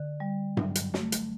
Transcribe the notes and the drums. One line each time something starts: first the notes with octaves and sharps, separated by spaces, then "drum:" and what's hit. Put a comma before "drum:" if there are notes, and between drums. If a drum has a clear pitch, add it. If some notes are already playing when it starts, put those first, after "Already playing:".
Already playing: D3
G3
F#3, drum: tom G2
drum: hi-hat
A3, drum: snare
drum: hi-hat